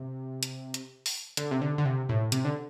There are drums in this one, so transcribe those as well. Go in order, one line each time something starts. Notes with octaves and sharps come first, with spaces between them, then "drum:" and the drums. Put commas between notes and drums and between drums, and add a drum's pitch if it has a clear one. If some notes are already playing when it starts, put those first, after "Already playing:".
Already playing: C3
drum: hi-hat
drum: hi-hat
drum: open hi-hat
D3, drum: hi-hat
C3
D3
D3
C3
A2
C3, drum: hi-hat
D3